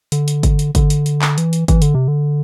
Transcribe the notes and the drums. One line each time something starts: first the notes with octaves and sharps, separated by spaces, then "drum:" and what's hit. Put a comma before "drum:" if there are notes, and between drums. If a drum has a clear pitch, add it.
D3, drum: hi-hat
drum: hi-hat
drum: kick G1, hi-hat
drum: hi-hat
D3, drum: kick G1, hi-hat
drum: hi-hat
drum: hi-hat
drum: clap
E3, drum: hi-hat
drum: hi-hat
E3, drum: kick G1, hi-hat
D3, drum: hi-hat
C3
D3